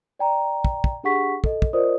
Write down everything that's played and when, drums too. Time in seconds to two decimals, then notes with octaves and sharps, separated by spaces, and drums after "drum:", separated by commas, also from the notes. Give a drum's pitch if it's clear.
0.19 D5 G5 A#5
0.65 drum: kick
0.84 drum: kick
1.04 D4 G4 G#4 F#5 C#6 B6
1.44 A4 D#5, drum: kick
1.62 drum: kick
1.73 F4 A#4 C5 D5 D#5 D#6